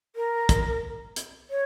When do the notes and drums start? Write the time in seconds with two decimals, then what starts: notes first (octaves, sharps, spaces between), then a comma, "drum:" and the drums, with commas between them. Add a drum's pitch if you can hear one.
0.16 A#4
0.49 drum: kick, hi-hat
1.16 drum: hi-hat
1.50 C#5